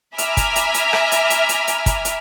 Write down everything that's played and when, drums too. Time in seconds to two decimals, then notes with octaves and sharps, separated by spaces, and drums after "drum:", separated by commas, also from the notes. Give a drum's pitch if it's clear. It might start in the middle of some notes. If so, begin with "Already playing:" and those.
0.18 E5 G#5 A#5 B5 D6 F6, drum: hi-hat
0.37 drum: kick, hi-hat
0.56 drum: hi-hat
0.74 drum: hi-hat
0.93 drum: rim click
1.12 drum: hi-hat
1.30 drum: hi-hat
1.49 drum: hi-hat
1.67 drum: hi-hat
1.86 drum: kick, hi-hat
2.05 drum: hi-hat